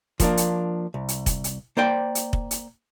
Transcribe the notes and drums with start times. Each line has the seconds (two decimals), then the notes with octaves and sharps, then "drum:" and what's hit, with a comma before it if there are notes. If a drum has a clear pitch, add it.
0.20 F3 A#3 D4, drum: kick, hi-hat
0.37 drum: hi-hat
0.94 C2
1.08 drum: hi-hat
1.26 drum: kick, hi-hat
1.44 drum: hi-hat
1.77 A#3 C5 D5 G5
2.15 drum: hi-hat
2.33 drum: kick
2.51 drum: hi-hat